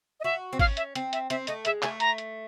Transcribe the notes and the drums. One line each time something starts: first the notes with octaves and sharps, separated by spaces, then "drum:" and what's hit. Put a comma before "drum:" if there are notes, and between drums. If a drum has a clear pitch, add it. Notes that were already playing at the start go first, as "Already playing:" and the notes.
D#5
F#4 E5
C4
C#4 F5, drum: kick G#1, open hi-hat
E5, drum: hi-hat
C4, drum: hi-hat
E5, drum: hi-hat
C4 E5, drum: hi-hat
A3 D#5, drum: hi-hat
G#3 E5, drum: hi-hat
A3 G#5, drum: clap
A#5, drum: hi-hat
drum: hi-hat